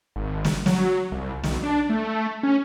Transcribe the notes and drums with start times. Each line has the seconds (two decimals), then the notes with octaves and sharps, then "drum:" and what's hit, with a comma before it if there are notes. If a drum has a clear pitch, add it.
0.16 G#1
0.45 drum: snare
0.66 F#3, drum: snare
1.12 C2
1.44 B1, drum: snare
1.63 D4
1.89 A3
2.43 C#4